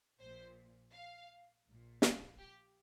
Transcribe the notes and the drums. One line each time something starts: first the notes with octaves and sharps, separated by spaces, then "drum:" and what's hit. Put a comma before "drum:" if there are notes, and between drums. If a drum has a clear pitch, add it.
A#1 A#2 C5
F5
A#1 A#2
F5, drum: snare
G4